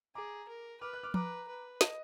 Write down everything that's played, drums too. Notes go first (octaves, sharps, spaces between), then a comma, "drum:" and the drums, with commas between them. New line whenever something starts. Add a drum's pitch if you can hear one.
G#4 A#5 D6
A#4
B4 D6 F6
F#6
D6 F6
B4 A#5 D6, drum: tom F3
B4
D#5, drum: snare